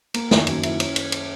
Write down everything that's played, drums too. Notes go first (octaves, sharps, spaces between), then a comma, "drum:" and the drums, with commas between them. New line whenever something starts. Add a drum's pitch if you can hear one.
A#3, drum: cymbal
D#3, drum: snare
F#2, drum: cymbal
E4, drum: cymbal
C#4, drum: cymbal
drum: cymbal
drum: cymbal